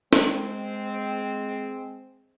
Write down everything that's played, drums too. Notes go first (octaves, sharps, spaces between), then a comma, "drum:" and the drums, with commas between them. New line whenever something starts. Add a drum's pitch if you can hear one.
G#3 C4, drum: snare